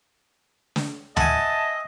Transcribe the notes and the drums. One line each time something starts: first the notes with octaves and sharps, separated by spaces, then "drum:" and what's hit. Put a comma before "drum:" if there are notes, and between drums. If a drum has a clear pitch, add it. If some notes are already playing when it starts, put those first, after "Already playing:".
drum: snare
D#5 E5 F#5 G#5 A5, drum: tom D2